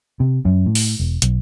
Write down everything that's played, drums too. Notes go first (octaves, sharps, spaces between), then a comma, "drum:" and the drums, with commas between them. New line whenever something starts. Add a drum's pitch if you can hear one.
C3
F#2
A2
drum: open hi-hat
E1
B1, drum: hi-hat